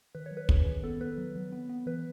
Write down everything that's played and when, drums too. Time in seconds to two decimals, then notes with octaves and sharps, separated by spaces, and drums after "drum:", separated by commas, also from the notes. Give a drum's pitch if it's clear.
0.15 D#3 B4
0.26 C#5
0.31 F#3
0.37 B4
0.49 C#4 G#4, drum: kick
0.66 D#3
0.83 B3 A4
1.01 B3 B4
1.18 F#3
1.36 F#3
1.52 B3
1.69 B3
1.86 E3 B4